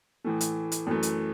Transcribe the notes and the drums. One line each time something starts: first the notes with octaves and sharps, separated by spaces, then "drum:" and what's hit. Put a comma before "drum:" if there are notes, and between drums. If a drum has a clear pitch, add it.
A2 E3 A3
drum: hi-hat
drum: hi-hat
F#2 E3 A3
drum: hi-hat